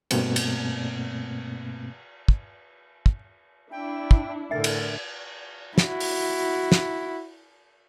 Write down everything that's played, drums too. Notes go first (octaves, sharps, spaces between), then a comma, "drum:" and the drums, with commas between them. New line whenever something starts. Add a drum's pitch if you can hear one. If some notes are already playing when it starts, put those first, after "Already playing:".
G2 B2 A3 A#3 C4, drum: cymbal
drum: cymbal
drum: kick
drum: kick
D4 E4 G5
drum: kick
A2 D3 A#4 E5 A6
drum: cymbal
E4 F#4, drum: snare
drum: open hi-hat
drum: snare